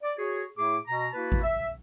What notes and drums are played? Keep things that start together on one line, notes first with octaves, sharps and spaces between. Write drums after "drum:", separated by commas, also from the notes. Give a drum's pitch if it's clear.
D5
F#4 G#4 C#5
A2 A3 E4 G#4 D6
B2 A#5
A#3 E4 F#4 B4 A5 B5
drum: kick G#1
E5